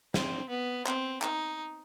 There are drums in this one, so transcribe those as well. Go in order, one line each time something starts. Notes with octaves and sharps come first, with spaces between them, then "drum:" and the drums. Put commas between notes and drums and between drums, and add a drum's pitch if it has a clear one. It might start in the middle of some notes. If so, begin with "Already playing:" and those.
C4, drum: snare
B3
C4, drum: clap
D#4, drum: clap